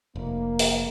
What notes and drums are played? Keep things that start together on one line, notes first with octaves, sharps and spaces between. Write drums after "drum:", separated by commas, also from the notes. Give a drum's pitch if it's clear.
F1 A#3
drum: open hi-hat